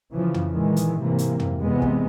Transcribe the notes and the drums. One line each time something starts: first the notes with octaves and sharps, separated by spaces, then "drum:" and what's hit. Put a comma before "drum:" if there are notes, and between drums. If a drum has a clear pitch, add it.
C#3 E3 F3
drum: tom
A#2 D#3 E3 G#3
drum: hi-hat
G#2 C3 E3 A#3
drum: hi-hat
drum: tom
E2 C3 G#3 B3
drum: kick